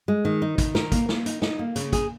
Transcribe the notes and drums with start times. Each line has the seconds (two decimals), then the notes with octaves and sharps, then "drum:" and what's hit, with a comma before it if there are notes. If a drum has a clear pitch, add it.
0.08 G#3
0.25 D#3
0.42 D#4
0.58 D#3, drum: kick, hi-hat
0.75 A#4, drum: snare
0.92 A#3, drum: kick, hi-hat
1.09 A#3, drum: snare
1.26 D#4, drum: hi-hat
1.42 D#4, drum: snare
1.59 A#3
1.76 C#3, drum: hi-hat
1.93 G#4, drum: kick, hi-hat